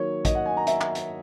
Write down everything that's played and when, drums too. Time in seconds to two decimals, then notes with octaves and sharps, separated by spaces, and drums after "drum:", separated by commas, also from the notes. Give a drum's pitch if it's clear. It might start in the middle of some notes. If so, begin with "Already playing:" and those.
Already playing: D#3 F#3 A#3 C#5
0.25 D#5, drum: kick, hi-hat
0.35 F#5
0.46 G#5
0.57 A#5
0.67 E5, drum: hi-hat
0.81 drum: clap
0.95 drum: hi-hat